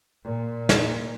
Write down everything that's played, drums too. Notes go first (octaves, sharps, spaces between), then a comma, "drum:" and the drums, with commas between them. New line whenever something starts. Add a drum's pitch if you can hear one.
A#2
drum: snare